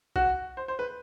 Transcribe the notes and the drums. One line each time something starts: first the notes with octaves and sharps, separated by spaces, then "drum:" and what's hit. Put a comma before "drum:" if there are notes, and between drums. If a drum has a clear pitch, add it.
F#4, drum: kick A#1
C5
C5
B4